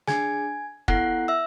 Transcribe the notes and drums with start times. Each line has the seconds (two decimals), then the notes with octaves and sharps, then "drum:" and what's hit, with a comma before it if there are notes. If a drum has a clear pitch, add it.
0.07 D4 G#4 G#5 G#6, drum: snare
0.88 B3 E4 A4 F#5 F#6, drum: kick
1.28 E5 E6